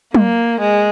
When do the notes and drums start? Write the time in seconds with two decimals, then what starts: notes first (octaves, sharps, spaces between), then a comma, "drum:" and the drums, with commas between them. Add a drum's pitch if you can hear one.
0.14 A#3, drum: tom
0.61 G#3